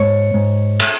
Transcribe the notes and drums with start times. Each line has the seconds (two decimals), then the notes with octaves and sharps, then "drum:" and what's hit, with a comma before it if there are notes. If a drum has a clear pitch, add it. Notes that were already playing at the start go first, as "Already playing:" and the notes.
Already playing: G#2 C#5
0.34 G#2
0.80 drum: cymbal